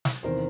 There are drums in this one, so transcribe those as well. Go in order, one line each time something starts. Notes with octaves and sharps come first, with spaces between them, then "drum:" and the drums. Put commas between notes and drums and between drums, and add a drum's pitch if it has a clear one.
drum: snare
E2 C3 D#3 A#4 C5